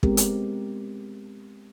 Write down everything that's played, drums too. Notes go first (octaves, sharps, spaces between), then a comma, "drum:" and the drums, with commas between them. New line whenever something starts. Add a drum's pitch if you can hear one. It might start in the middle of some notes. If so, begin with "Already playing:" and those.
G#3 B3 C4 G4 A#4, drum: kick
drum: hi-hat